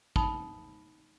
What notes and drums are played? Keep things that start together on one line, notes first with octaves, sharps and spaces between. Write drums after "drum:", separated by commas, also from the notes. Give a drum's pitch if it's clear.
D#4 B5 D#6, drum: kick